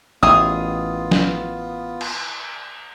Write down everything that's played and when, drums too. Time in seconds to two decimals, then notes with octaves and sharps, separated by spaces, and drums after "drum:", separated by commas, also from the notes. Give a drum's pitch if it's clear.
0.23 A1 D#3 E3 B3 F4 G#4 D#6
1.11 drum: snare
2.01 drum: cymbal